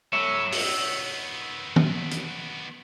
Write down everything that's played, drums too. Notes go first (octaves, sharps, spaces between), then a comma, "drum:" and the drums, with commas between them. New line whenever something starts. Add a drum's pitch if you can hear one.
F#3 C#5 E5
D#3 B3, drum: open hi-hat
drum: tom D#3
drum: hi-hat